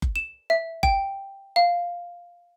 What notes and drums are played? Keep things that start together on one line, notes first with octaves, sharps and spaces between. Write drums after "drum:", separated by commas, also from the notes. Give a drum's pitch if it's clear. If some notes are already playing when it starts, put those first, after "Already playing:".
drum: kick F#1
E7
E5
G5, drum: kick F#1
F5